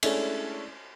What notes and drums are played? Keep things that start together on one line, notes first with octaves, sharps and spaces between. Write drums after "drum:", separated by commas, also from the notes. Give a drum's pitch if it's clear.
G#3 A3 C#4 D4 E4 A4, drum: cymbal